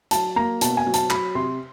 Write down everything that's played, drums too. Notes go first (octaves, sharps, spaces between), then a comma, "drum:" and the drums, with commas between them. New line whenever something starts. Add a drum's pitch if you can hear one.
F#3 A5, drum: hi-hat
A#3 A#5
B2 A5, drum: hi-hat
G#5
F#3
A5, drum: hi-hat
F#3 B5, drum: clap
C3 C6